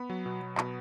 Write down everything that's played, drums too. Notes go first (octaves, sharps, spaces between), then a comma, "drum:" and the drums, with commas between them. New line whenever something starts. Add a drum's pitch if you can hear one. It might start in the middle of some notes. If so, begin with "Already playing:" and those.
Already playing: B3 B5
F#3
B2
F#3
B2 B5, drum: clap